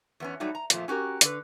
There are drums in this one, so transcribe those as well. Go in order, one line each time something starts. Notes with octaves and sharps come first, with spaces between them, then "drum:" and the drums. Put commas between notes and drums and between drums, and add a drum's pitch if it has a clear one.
E2 B3 C#4
F#3 G3 A3 D#4
A#5
F2 A#2 F3 A3, drum: hi-hat
C#4 F#4 G4 A#4
D3 B4, drum: hi-hat